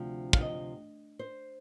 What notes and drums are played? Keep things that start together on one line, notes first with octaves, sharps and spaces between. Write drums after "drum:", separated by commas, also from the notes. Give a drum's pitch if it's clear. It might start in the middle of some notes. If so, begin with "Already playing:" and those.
Already playing: D2 C3 F3 F5
F5, drum: kick
D#5
C5